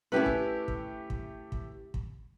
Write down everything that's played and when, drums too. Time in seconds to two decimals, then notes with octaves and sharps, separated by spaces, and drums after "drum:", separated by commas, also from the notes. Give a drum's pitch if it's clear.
0.12 A3 C#4 E4 G4 B4
0.26 drum: kick
0.68 drum: kick
1.10 drum: kick
1.52 drum: kick
1.94 drum: kick